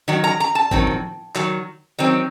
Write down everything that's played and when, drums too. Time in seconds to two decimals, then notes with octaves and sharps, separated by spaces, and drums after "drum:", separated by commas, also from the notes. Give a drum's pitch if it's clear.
0.08 D#3 F#3
0.24 A#5
0.40 A#5
0.55 A5
0.71 D#3 F#3 C4, drum: kick
0.87 drum: tom
1.35 D#3 F#3, drum: clap
1.99 D#3 F#3 C4